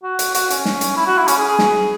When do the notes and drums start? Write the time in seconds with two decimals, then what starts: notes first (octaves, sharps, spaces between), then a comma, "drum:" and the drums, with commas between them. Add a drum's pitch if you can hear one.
0.03 F#4
0.19 drum: hi-hat
0.35 F#4, drum: hi-hat
0.50 C#4, drum: hi-hat
0.65 drum: snare
0.81 drum: hi-hat
0.96 E4
1.07 F#4
1.18 E4
1.28 C#4, drum: hi-hat
1.38 G#4
1.48 G#4
1.59 drum: snare